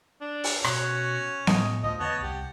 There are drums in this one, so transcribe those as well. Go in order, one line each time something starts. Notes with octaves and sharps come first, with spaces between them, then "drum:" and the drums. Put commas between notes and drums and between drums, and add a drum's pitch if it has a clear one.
D4
drum: open hi-hat
B2 C#4 F#4 C#5, drum: rim click
A2 D#5, drum: snare B3
C#2 D3 F3 A3 D#5
E2 B3 C#5 D#5 A5
C2 G4 F#5